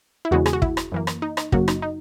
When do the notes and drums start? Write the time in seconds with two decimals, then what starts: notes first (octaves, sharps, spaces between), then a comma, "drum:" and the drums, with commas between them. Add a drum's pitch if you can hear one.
0.25 E4
0.31 E2 C#3 G#3 B3 F#4
0.46 G#4, drum: rim click
0.53 F#4
0.62 E4, drum: kick
0.77 drum: rim click
0.92 F#2 E3 A#3
1.07 drum: rim click
1.22 D#4
1.37 D#4, drum: rim click
1.52 F#2 C#3 F#3 A#3 F#4, drum: kick
1.68 D#4, drum: rim click
1.82 D#4